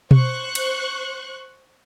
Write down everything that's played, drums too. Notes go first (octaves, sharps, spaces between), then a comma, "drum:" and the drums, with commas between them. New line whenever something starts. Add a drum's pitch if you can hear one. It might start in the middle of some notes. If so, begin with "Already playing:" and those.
C5 C#6 F#6, drum: tom B2
drum: cymbal